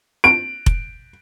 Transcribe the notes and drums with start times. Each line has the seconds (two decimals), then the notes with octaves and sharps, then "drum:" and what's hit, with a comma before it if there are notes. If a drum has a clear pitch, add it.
0.24 D7
0.66 drum: kick F1